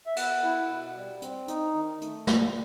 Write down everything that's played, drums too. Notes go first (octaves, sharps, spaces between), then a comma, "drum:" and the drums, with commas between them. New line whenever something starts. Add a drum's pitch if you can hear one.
E5
B3 F#5, drum: cymbal
E4
B2
G3
C4, drum: hi-hat
D#4, drum: hi-hat
D#3
A3, drum: hi-hat
G3, drum: snare